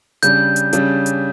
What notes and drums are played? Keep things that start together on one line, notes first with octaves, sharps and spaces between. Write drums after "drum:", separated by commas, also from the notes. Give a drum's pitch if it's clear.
C#3 G3 D4 G6, drum: hi-hat
drum: hi-hat
C#3 G3 D4, drum: hi-hat
drum: hi-hat